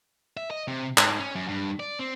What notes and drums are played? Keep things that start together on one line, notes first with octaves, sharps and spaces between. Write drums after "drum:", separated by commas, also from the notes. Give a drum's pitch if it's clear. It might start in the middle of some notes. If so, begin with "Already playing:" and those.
E5
D#5
C3
G#2, drum: clap
C#4
F#2
G2
D5
C4